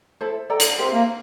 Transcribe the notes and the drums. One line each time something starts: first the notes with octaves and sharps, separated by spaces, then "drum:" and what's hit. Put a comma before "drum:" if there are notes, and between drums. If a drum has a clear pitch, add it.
E4 A4 C5
A4 D5 G5 A#5
drum: hi-hat
C4 G4 A#4 E5
A#3